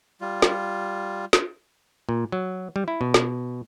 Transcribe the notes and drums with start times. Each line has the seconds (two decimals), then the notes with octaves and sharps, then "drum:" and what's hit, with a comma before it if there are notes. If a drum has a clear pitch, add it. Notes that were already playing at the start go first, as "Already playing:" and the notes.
0.21 G3 F4
0.42 drum: snare
1.33 drum: snare
2.09 A#2
2.32 F#3
2.76 G3
2.88 E4
3.01 B2
3.14 drum: snare